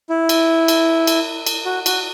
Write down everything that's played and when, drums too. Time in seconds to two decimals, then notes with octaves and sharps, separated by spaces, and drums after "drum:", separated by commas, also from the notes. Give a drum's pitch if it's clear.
0.10 E4
0.29 drum: cymbal
0.68 drum: cymbal
1.07 drum: cymbal
1.46 drum: cymbal
1.65 F#4
1.86 F#4, drum: cymbal